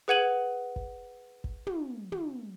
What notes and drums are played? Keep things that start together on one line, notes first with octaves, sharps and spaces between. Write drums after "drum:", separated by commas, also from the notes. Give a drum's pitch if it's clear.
G#4 B4 F#5 G#6 D#7 F#7
drum: kick G1
drum: kick G1
drum: tom
drum: tom